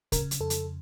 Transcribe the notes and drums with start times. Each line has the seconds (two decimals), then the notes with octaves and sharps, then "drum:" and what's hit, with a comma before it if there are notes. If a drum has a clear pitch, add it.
0.12 C#3 A#4, drum: kick, hi-hat
0.31 drum: hi-hat
0.40 F2 A4
0.50 drum: hi-hat